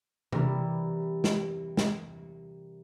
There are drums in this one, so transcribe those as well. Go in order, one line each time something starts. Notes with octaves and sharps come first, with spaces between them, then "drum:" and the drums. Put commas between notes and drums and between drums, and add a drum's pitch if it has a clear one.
C3 E3 G3 E4 A#4, drum: tom B2
drum: snare
drum: snare